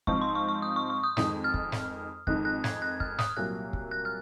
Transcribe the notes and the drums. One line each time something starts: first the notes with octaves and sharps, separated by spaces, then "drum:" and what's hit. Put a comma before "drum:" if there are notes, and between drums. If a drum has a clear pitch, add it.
G#2 F3 C4 D#4 C#6, drum: kick
C6
C#6
C#6
D#6
C#6
C#6
D#6
F2 D#3 G#3 D#6, drum: snare
F6
drum: kick
drum: snare
F2 D#3 G#3 D#4 F#6, drum: kick
F#6
G#6, drum: snare
F#6
F6, drum: kick
D#6, drum: snare
C2 A#2 F#3 A#3 F#6
drum: kick
F#6
F6